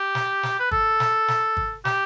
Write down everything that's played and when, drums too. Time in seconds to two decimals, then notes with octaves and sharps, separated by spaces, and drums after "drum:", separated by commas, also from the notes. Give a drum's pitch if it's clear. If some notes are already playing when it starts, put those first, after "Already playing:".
Already playing: G4
0.15 drum: snare
0.43 drum: snare
0.60 B4
0.71 A4, drum: kick
1.00 drum: snare
1.28 drum: snare
1.57 drum: kick
1.85 G4, drum: snare